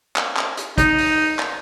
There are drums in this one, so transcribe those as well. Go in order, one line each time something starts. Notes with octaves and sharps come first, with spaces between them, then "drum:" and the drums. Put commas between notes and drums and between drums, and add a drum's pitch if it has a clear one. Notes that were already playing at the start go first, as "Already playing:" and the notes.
drum: clap
drum: clap
drum: hi-hat
D#4, drum: kick, hi-hat
drum: open hi-hat
drum: clap